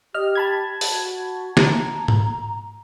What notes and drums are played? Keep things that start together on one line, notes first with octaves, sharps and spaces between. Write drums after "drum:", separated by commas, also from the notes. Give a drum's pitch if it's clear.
G4 D#5 F6
A5 B5 G#6
drum: open hi-hat
F#4
A#5, drum: snare
drum: tom G#2